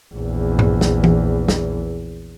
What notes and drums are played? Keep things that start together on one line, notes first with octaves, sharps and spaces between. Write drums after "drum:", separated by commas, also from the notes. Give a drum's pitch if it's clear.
A#1 E2
drum: tom G2
drum: snare
drum: tom E3
drum: snare